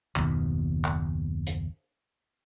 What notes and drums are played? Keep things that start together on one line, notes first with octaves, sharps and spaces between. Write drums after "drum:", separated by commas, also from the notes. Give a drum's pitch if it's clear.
F#1 D#2 B2 D#3, drum: clap
drum: clap
drum: hi-hat